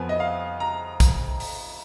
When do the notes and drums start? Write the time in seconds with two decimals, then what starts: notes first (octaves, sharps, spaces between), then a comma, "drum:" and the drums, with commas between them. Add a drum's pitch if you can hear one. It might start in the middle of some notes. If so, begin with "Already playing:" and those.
Already playing: F2 F3 B3 G#5
0.09 D#5
0.20 F5
0.60 A#5
1.00 drum: kick, hi-hat
1.40 drum: open hi-hat